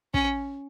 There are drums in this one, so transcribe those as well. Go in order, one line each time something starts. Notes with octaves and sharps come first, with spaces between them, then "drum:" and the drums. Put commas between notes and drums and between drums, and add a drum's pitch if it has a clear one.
C#4, drum: kick